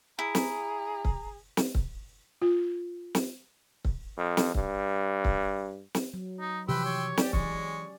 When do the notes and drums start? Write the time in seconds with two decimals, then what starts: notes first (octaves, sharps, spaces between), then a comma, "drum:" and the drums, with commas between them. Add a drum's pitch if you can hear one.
0.19 E4 G#4 A#5
0.35 drum: snare
1.05 drum: kick C#1
1.57 drum: snare
1.75 drum: kick C#1
2.42 F4
3.15 drum: snare
3.85 drum: kick C#1
4.17 F2
4.37 drum: snare
4.55 G2, drum: kick C#1
5.25 drum: kick C#1
5.95 drum: snare
6.14 F#3
6.40 D#4
6.69 C3 E3 F3 G4 B4 G5 C6 E6
6.86 C#5
7.17 C#4 G4 D5, drum: snare
7.33 E3 G#3 C#6, drum: kick C#1